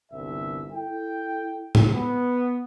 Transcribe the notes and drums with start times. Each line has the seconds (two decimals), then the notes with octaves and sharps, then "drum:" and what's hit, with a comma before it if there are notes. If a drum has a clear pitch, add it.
0.12 G1 C2 E5
0.73 E4 A4 G5
1.75 drum: tom
1.94 B3